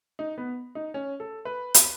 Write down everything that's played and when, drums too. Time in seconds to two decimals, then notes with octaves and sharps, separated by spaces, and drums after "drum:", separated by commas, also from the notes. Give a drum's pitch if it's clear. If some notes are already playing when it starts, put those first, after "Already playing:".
0.19 D#4
0.38 B3
0.75 D#4
0.94 C#4
1.20 A4
1.45 B4
1.74 drum: hi-hat